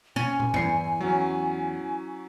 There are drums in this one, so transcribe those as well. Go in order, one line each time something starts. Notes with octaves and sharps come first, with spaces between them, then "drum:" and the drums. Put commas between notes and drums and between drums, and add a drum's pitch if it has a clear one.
C#4 G#5
drum: tom
E2 C7 C#7, drum: tom G2
F#3 C#4